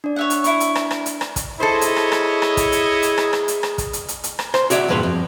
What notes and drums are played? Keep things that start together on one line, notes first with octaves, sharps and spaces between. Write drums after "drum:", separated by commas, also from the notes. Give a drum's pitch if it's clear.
D4 D5
C#5 E5 F#5
drum: hi-hat
E4 C#6, drum: hi-hat
drum: hi-hat
drum: rim click
drum: rim click
drum: hi-hat
drum: rim click
drum: kick, hi-hat
E4 G#4 A4 C5 C#5 D#5
drum: hi-hat
drum: rim click
drum: rim click
drum: rim click
drum: kick, hi-hat
drum: hi-hat
drum: hi-hat
drum: rim click
drum: rim click
drum: hi-hat
drum: rim click
drum: kick, hi-hat
drum: hi-hat
drum: hi-hat
drum: hi-hat
drum: rim click
C5, drum: rim click
F#4 C#5 D5 E5 F#5, drum: hi-hat
E2 G2 A#2 B4 C#5 C6
F2